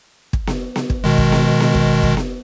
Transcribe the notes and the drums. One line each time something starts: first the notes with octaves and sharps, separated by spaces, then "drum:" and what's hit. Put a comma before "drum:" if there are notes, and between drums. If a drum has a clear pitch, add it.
drum: kick
drum: snare B3
drum: snare B3
drum: kick
B2 D#3 G#3
drum: kick
drum: snare B3
drum: snare B3
drum: kick
drum: kick
drum: snare B3